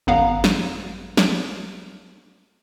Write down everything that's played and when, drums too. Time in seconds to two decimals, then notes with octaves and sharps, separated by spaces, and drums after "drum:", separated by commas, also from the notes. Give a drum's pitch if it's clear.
0.07 G#1 F#2 B3 F5 A#5
0.44 drum: snare
1.17 drum: snare